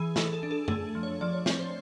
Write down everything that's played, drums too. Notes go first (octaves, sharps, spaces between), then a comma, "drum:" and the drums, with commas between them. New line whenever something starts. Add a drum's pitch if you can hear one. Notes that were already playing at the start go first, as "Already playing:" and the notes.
Already playing: E3 G#4
E3 A4, drum: snare
A4
D4
A4
A3 G#4, drum: tom F#2
F3
C#5
F3 D5
C#5
C4 C#5, drum: snare
C5